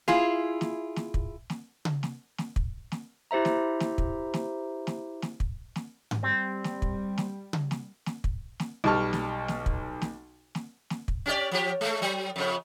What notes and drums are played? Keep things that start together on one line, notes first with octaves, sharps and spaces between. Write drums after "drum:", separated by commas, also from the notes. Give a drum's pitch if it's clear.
E4 F4 G#4, drum: snare
drum: snare
drum: snare
drum: kick
drum: snare
drum: tom C#3
drum: snare
drum: snare
drum: kick
drum: snare
E4 G4 C5 E5 A#5
drum: snare
drum: snare
drum: kick
drum: snare
drum: snare
drum: snare
drum: kick
drum: snare
drum: tom G#2
G3 C4
drum: snare
drum: kick
drum: snare
drum: tom C#3
drum: snare
drum: snare
drum: kick
drum: snare
B1 G3 A5 C#6 F6
drum: snare
drum: snare
drum: kick
drum: snare
drum: snare
drum: snare
drum: kick
C#4 G4 D5
F3 G4
G#3 A3
F#3
F2 C#3